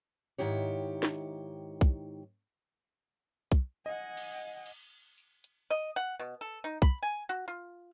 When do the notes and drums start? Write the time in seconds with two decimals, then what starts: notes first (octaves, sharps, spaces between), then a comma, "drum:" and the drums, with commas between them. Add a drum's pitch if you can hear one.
0.38 G#2 D#3 E4 G4 C#5
1.03 drum: snare
1.81 drum: kick B1
3.52 drum: kick B1
3.86 D#5 F#5 G#5
4.17 drum: cymbal
4.66 drum: cymbal
5.18 drum: tambourine
5.44 drum: hi-hat
5.70 D#5
5.96 F#5
6.19 B2
6.41 A4
6.64 D#4
6.82 B5, drum: kick B1
7.02 G#5
7.29 F#4
7.48 F4